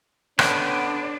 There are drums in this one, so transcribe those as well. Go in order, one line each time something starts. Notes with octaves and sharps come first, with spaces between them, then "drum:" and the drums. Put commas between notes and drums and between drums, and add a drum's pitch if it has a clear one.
D3 B3 C#4 D4, drum: rim click